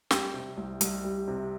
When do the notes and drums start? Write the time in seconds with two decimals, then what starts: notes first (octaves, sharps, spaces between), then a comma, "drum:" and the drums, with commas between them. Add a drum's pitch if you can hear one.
0.11 G3 G5, drum: snare
0.34 C3
0.57 C2
0.81 C2, drum: hi-hat
1.04 G3
1.28 C3